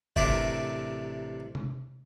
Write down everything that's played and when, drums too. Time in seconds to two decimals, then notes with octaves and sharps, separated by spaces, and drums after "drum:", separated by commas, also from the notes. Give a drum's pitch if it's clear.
0.16 A1 C3 D4 A#4 E5 D6, drum: kick F#1
1.55 drum: tom C3